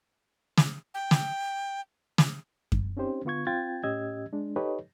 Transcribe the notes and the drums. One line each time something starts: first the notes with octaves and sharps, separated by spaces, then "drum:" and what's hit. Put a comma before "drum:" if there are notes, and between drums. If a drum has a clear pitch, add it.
drum: snare
G5
drum: snare
drum: snare
drum: kick F#2
C4 C#4 D#4 G4 C5
D3 B3 F4 C#6 G#6
C4 F4 G5 G#6 A6
A2 C#4 G4 D#5 E6 G#6
G#3 D4
D#4 G4 A4 B4 C#5 D#5